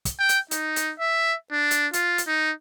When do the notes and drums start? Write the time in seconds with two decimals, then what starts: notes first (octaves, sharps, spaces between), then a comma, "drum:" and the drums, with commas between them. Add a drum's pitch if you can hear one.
0.05 drum: kick, hi-hat
0.19 G5
0.29 drum: hi-hat
0.51 D#4, drum: hi-hat
0.76 drum: hi-hat
1.00 E5
1.51 D4
1.71 drum: hi-hat
1.93 F4, drum: hi-hat
2.18 drum: hi-hat
2.27 D#4